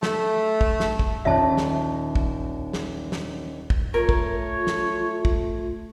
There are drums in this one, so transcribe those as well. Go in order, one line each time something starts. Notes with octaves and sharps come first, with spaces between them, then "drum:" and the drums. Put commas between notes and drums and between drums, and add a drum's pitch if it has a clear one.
A3, drum: snare
drum: kick
drum: snare
drum: kick
D#1 D4 E5 A5 F#6
drum: snare
drum: kick
drum: snare
drum: snare
drum: kick
A3 F4 A#4 C#5
drum: kick
drum: snare
drum: kick